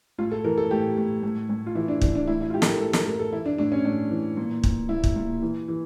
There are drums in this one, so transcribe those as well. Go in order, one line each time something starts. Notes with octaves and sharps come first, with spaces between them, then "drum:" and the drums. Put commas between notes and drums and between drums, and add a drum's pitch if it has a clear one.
A2 F4
A4
E3 A#4
A4
A2 G4
A2
A2
A2
F4
E3 E4
D4
E3 D4, drum: kick
D4
A2 E4
E4
F4
A2 G4
A4, drum: snare
A#4
A2 A4
A#4, drum: snare
A2 A#4
A4
E3 E4
D4
A2 D4
C#4
A2 D4
E3
A#2
A#2, drum: kick
A#2 E4
drum: kick
A#2
E3
E3